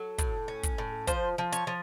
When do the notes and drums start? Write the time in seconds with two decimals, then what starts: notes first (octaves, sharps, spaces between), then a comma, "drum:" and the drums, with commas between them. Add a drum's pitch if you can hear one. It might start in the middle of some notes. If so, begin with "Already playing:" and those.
Already playing: F#3 A4
0.18 A2, drum: kick, hi-hat
0.48 C#4
0.63 drum: kick, hi-hat
0.78 A2
1.07 F3 C5, drum: kick, hi-hat
1.38 F3
1.53 C#5, drum: hi-hat
1.67 F3